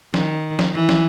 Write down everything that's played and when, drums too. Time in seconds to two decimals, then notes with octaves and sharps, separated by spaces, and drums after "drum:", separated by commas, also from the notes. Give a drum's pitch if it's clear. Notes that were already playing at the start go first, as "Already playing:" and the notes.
0.14 D#3, drum: snare
0.59 drum: snare
0.74 E3
0.89 drum: snare